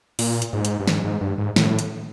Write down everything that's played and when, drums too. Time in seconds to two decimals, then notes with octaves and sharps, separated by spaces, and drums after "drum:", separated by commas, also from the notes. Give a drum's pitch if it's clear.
0.19 A#2, drum: open hi-hat
0.42 drum: hi-hat
0.53 G#2
0.65 drum: hi-hat
0.80 G2
0.88 G#2, drum: snare
1.05 G#2
1.21 G2
1.38 G#2
1.56 A2, drum: snare
1.79 drum: hi-hat